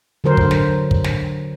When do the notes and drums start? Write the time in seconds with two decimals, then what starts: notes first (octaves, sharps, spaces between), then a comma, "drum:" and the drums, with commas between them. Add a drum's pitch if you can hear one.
0.24 D3 F#3 A#4 C5
0.37 drum: kick
0.51 drum: snare
0.91 drum: kick
1.04 drum: snare